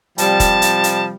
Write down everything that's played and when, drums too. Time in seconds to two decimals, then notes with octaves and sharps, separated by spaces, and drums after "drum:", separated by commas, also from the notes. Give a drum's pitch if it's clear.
0.18 C3 F3 G3 A5, drum: hi-hat
0.40 drum: kick, hi-hat
0.62 drum: hi-hat
0.84 drum: hi-hat